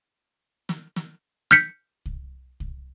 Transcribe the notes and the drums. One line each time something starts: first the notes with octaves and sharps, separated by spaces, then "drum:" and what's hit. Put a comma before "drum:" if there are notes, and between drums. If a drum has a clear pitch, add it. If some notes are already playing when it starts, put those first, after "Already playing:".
drum: snare
drum: snare
F6 G6 B6 C#7, drum: snare
drum: kick C2
drum: kick C2